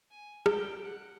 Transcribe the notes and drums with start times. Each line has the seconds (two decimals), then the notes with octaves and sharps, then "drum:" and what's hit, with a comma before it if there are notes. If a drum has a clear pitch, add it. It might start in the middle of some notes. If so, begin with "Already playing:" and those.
0.11 G#5
0.46 G5, drum: rim click
0.84 F#5